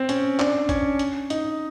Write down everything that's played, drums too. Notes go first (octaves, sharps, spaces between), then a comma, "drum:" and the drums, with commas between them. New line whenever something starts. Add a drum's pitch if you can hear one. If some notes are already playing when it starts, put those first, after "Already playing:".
Already playing: C4
C#4, drum: hi-hat
D4, drum: clap
C#4, drum: kick G#1, hi-hat
drum: hi-hat
D#4, drum: hi-hat